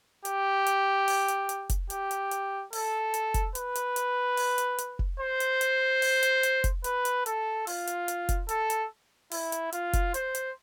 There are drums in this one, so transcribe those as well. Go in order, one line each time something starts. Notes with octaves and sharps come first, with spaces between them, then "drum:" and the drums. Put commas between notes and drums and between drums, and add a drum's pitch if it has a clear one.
G4, drum: hi-hat
drum: hi-hat
drum: open hi-hat
drum: hi-hat
drum: hi-hat
drum: kick F1, hi-hat
G4, drum: hi-hat
drum: hi-hat
drum: hi-hat
A4, drum: open hi-hat
drum: hi-hat
drum: kick F1, hi-hat
B4, drum: hi-hat
drum: hi-hat
drum: hi-hat
drum: open hi-hat
drum: hi-hat
drum: hi-hat
drum: kick F1
C5
drum: hi-hat
drum: hi-hat
drum: open hi-hat
drum: hi-hat
drum: hi-hat
drum: kick F1, hi-hat
B4, drum: hi-hat
drum: hi-hat
A4, drum: hi-hat
F4, drum: open hi-hat
drum: hi-hat
drum: hi-hat
drum: kick F1, hi-hat
A4, drum: hi-hat
drum: hi-hat
E4, drum: open hi-hat
drum: hi-hat
F4, drum: hi-hat
drum: kick F1, hi-hat
C5, drum: hi-hat
drum: hi-hat